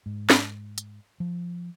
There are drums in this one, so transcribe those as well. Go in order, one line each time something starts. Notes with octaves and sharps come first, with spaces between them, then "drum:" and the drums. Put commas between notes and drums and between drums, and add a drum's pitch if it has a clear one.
G#2
drum: snare
drum: hi-hat
F3